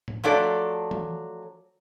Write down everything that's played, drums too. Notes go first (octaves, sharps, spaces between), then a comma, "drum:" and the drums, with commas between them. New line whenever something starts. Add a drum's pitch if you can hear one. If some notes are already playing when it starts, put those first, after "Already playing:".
drum: tom A2
F3 F#3 A3 D4 A4 D5
drum: tom